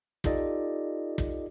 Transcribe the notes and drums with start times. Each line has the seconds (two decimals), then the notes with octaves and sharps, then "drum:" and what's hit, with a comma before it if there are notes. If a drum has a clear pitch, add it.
0.24 D#4 F4 G4 A4 D5 D#5, drum: kick
1.18 drum: kick